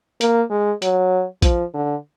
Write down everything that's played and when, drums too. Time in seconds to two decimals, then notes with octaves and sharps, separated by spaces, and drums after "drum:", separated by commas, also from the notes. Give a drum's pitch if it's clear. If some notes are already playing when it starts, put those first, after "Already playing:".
0.21 A#3, drum: hi-hat
0.50 G#3
0.82 F#3, drum: hi-hat
1.42 F3, drum: kick A#1, hi-hat
1.73 D3